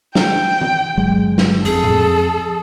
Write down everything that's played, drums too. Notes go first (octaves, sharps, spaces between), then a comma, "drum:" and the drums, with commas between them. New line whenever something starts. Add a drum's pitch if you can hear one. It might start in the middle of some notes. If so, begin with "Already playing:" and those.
G5, drum: snare
drum: tom E3
G1 F#3 G#3
drum: snare
F2 G#4 A4
drum: tom A2